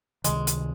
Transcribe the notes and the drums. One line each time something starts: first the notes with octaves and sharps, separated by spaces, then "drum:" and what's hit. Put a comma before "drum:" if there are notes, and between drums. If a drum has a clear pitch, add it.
C#2 C3 D#3 G#3, drum: hi-hat
drum: hi-hat